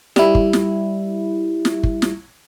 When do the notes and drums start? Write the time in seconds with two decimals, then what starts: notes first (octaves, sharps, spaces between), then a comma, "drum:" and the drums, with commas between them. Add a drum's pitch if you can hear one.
0.16 G3 E4, drum: snare
0.35 drum: kick
0.53 drum: snare
1.65 drum: snare
1.83 drum: kick
2.02 drum: snare